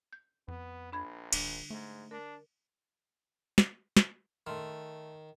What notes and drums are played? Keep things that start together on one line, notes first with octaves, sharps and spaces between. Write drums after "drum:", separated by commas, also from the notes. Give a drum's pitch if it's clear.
G6
F2 B3
A#1 D4 B5 G#6
D1 D3 G3 D4, drum: cymbal
G#2 A3
D4 A#4
drum: snare
drum: snare
D#3 A3 C6 F6